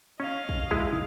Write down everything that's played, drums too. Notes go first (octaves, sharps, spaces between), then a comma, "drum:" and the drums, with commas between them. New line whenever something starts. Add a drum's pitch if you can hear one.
C#4 D#5 F5
drum: kick
G#3 E4 G#4, drum: kick